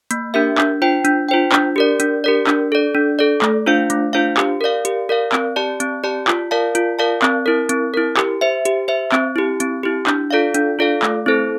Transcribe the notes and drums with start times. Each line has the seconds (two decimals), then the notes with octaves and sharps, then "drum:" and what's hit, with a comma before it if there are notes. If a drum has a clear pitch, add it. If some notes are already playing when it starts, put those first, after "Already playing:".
0.11 A#3, drum: hi-hat
0.34 D4 G4 A#4 E5
0.58 D4, drum: clap
0.82 F4 C5 G5
1.05 D4, drum: hi-hat
1.29 F4 C5 G5
1.52 D4, drum: clap
1.76 G4 A#4 D5
2.00 D4, drum: hi-hat
2.24 G4 A#4 D5
2.47 D4, drum: clap
2.72 A4 D5
2.95 D4
3.19 A4 D5
3.42 A3, drum: clap
3.66 D4 F4 C5 F5
3.90 A3, drum: hi-hat
4.13 D4 F4 C5 F5
4.37 G4, drum: clap
4.61 A#4 D5 F5
4.85 G4, drum: hi-hat
5.09 A#4 D5 F5
5.32 C4, drum: clap
5.56 G4 D5 A5
5.80 C4, drum: hi-hat
6.04 G4 D5 A5
6.28 F4, drum: clap
6.51 A#4 D5 F5 A5
6.75 F4, drum: hi-hat
6.99 A#4 D5 F5 A5
7.22 C4, drum: clap
7.46 E4 A#4
7.69 C4, drum: hi-hat
7.94 E4 A#4
8.17 G4, drum: clap
8.41 C5 E5
8.65 G4, drum: hi-hat
8.88 C5 E5
9.12 C4, drum: clap
9.36 E4 G4
9.60 C4, drum: hi-hat
9.83 E4 G4
10.07 D4, drum: clap
10.31 F4 A4 D5 F5
10.54 D4, drum: hi-hat
10.79 F4 A4 D5 F5
11.03 A3, drum: clap
11.26 C4 E4 A4 C5